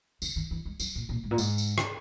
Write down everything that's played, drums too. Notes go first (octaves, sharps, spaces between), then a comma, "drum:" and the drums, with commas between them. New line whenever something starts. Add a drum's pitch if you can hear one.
C#3, drum: tambourine
D#3
E3
G#3
F#3, drum: tambourine
A#2
A#2
G#2
A#2
G#2, drum: tambourine
drum: tambourine
drum: rim click